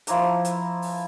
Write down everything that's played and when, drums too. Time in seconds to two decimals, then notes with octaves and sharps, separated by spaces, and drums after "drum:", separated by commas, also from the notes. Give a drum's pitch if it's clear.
0.07 F3 E4 A#5 D6, drum: hi-hat
0.45 drum: hi-hat
0.82 drum: open hi-hat